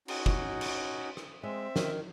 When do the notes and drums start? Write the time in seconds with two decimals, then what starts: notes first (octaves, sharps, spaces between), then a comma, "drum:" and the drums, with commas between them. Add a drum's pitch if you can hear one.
0.08 C#4 D#4 F#4, drum: cymbal
0.26 drum: kick F#1
0.61 drum: cymbal
1.17 drum: rim click
1.43 G#3 C4 E5
1.76 D#3, drum: snare